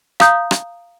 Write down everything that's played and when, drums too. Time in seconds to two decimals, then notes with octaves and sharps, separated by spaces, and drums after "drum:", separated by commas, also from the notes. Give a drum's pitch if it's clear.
0.20 F5 A#5 D#6 G6, drum: rim click
0.51 drum: rim click